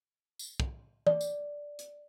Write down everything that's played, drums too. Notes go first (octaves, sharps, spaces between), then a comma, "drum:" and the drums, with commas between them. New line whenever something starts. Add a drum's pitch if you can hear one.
drum: tambourine
drum: kick
D5, drum: tom E3
drum: tambourine
drum: hi-hat